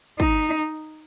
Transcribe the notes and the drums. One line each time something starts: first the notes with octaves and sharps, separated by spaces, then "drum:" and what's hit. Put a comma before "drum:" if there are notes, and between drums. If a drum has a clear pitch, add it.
D#4, drum: kick